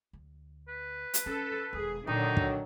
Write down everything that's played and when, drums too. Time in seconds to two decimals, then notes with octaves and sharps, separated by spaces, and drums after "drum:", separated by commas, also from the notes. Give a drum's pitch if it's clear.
0.13 D2
0.68 B4
1.14 drum: hi-hat
1.26 C#4 A4
1.73 E1 D#3 G#4
2.07 A#2 D3 D#3 F#3 D4 D#4
2.37 drum: kick